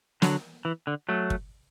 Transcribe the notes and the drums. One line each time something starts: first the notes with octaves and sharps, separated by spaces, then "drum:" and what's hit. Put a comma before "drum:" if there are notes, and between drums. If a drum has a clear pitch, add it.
D3 F#3, drum: snare
E3
D3
F#3 A3
drum: kick